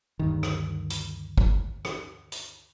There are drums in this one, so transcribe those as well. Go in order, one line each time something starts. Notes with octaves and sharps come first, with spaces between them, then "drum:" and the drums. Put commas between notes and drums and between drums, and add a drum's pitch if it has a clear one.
D2 G2 D#3
drum: rim click
drum: hi-hat
drum: kick
drum: rim click
drum: hi-hat